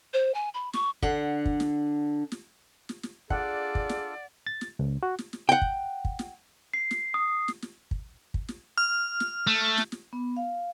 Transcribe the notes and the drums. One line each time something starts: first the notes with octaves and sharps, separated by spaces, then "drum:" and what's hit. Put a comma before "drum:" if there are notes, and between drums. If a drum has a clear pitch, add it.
C5
G#5
B5
C#6, drum: snare
D3 D4 F#5, drum: kick
drum: kick
drum: snare
drum: snare
drum: snare
drum: snare
D4 F4 G#4 A4 D5 F#5, drum: kick
drum: kick
drum: snare
A6
drum: snare
C#2
F#4
drum: snare
drum: snare
F#5 G5
drum: kick
drum: kick
drum: snare
C7
drum: snare
D#6
drum: snare
drum: snare
drum: kick
drum: kick
drum: snare
F6
drum: snare
A3
drum: snare
drum: snare
B3
F5